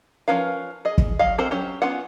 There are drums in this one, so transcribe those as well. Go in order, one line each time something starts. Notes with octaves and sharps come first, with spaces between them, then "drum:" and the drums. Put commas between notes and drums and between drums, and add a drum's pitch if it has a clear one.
F3 C#4 A#4 B4 F5
G#4 D#5
drum: kick
F#3 D#5 F5
C4 A4 A#4 C5
F#3 C#4 G4
B3 C#4 F4 F#5